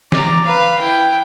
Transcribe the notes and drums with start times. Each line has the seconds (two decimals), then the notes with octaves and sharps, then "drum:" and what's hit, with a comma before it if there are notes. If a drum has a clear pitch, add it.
0.12 D5 A#5, drum: snare E3
0.44 B4 F5
0.79 E4 G5